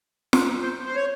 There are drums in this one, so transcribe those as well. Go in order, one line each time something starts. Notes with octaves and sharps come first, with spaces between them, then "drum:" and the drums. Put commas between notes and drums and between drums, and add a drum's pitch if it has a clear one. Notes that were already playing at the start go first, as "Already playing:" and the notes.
drum: snare
C5
C5
C#5